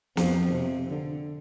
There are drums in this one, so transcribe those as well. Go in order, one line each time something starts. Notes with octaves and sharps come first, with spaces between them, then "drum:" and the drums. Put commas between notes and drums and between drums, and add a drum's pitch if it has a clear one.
F2 F3, drum: snare
C3
D3